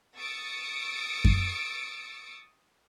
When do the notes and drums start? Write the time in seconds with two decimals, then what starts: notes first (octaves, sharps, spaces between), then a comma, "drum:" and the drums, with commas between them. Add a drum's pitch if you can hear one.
0.16 C#6 D#6 E6 A6 C#7 D7
1.25 drum: kick F#2